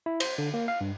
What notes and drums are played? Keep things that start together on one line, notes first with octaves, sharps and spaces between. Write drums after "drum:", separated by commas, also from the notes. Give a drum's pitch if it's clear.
E4
C5, drum: cymbal
D3
A#3
F5
G2